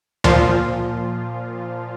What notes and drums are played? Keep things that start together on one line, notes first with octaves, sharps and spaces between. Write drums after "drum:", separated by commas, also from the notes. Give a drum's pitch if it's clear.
A#2 F3 F4, drum: tom D2